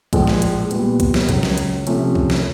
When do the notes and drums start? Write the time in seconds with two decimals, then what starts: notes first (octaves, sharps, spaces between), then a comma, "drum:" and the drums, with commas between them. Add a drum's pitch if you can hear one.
0.13 A#1 A2 F3 G#3, drum: kick B1, hi-hat
0.27 drum: snare
0.42 drum: hi-hat
0.71 A#2 G3 B3, drum: hi-hat
1.00 drum: kick B1, hi-hat
1.14 drum: snare
1.29 C#2 C#3 F#3, drum: kick B1, hi-hat
1.43 drum: snare
1.58 drum: hi-hat
1.87 C3 F3 A3 C#4, drum: hi-hat
2.15 drum: kick B1
2.30 drum: snare